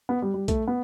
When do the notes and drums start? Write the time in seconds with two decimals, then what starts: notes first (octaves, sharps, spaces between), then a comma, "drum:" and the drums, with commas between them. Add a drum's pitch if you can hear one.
0.09 B3
0.22 G3
0.34 G3
0.48 A3, drum: kick B1, hi-hat
0.68 B3